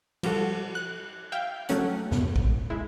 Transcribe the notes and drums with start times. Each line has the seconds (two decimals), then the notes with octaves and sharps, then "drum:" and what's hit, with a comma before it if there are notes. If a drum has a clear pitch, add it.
0.23 F3 G3 F#4 A4, drum: cymbal
0.75 F#6
1.32 E5 F5 G5
1.69 F#3 A3 C#4 F#5, drum: hi-hat
2.11 E2 G2 B2, drum: snare
2.36 drum: kick
2.70 G#3 E4